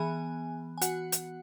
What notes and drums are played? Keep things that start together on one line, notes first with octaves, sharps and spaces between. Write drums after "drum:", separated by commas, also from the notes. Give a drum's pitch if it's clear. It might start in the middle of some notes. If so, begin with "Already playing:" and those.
Already playing: E3 B3 G#4 G#5
G#5
F#4 F#5, drum: hi-hat
drum: hi-hat